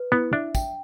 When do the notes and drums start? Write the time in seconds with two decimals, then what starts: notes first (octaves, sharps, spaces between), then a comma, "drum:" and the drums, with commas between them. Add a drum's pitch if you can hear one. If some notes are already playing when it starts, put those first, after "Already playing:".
Already playing: B4
0.12 B3 E4
0.33 D4 E5
0.55 G5, drum: kick, tambourine